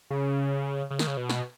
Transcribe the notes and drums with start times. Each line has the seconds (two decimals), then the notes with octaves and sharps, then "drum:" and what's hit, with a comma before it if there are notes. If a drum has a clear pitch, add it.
0.10 C#3
0.91 C#3
0.99 D#3, drum: snare
1.07 C#3
1.17 B2
1.30 drum: snare